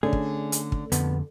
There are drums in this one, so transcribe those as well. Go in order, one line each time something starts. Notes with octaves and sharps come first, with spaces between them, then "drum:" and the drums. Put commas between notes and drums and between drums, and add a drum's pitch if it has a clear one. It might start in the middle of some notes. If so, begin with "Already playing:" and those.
D3 A3 A#3 C#4 G#4
drum: kick
drum: hi-hat
drum: kick
F2 D3 F3 B3, drum: hi-hat